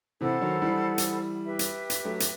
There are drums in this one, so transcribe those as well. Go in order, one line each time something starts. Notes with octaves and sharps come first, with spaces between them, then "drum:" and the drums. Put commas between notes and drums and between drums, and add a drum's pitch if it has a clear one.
C3 E3 A4 C5 F#5 B5
D#3 F#3
E3 G3
drum: hi-hat
G4 B4 E5
drum: hi-hat
drum: hi-hat
F#3 A3
drum: hi-hat